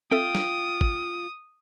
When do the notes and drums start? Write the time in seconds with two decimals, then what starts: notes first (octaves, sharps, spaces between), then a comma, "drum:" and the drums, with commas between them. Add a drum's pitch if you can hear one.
0.11 C4 F4 A4 E5 G5 D#6
0.35 drum: snare
0.81 drum: kick